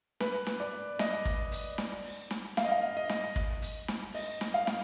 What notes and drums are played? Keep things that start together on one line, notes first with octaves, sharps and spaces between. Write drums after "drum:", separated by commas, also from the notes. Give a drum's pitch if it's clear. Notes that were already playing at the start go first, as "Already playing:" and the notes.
B4, drum: snare
drum: snare
D5
D#5, drum: snare
drum: kick
drum: hi-hat
drum: snare
drum: open hi-hat
drum: snare
F5, drum: snare
D#5
F5
D#5
drum: snare
drum: kick
drum: hi-hat
drum: snare
D#5, drum: open hi-hat
drum: snare
F5
drum: snare